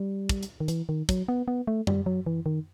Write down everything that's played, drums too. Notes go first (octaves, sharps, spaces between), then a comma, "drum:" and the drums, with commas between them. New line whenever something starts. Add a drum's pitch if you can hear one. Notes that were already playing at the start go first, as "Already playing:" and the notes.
Already playing: G3
drum: kick, hi-hat
drum: hi-hat
D#3
E3, drum: hi-hat
D#3
F#3, drum: kick, hi-hat
B3
B3
A3
G3, drum: tom F#2
F#3
E3
D#3